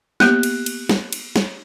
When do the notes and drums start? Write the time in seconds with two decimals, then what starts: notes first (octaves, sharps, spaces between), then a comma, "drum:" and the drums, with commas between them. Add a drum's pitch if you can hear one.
0.20 A#3 B3 G4 F#6, drum: snare
0.43 drum: cymbal
0.66 drum: cymbal
0.89 drum: snare
1.13 drum: cymbal
1.36 drum: snare